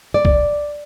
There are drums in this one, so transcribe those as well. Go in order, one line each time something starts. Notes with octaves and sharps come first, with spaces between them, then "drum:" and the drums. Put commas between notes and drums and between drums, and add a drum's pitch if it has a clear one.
D5
drum: kick